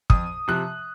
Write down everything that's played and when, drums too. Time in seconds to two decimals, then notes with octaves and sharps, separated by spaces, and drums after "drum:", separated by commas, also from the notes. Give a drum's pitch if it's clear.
0.10 F2 D#6, drum: kick
0.48 C3 F3 F#6